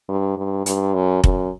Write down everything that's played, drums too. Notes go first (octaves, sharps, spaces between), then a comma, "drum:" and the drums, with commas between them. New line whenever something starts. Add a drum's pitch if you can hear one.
G2
G2
G2, drum: hi-hat
F#2
F#2, drum: kick F1